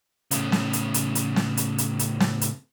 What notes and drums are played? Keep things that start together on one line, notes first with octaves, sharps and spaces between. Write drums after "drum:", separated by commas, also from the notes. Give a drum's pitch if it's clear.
A2 C#3, drum: hi-hat
drum: snare
drum: hi-hat
drum: hi-hat
drum: hi-hat
drum: snare
drum: hi-hat
drum: hi-hat
drum: hi-hat
drum: snare
drum: hi-hat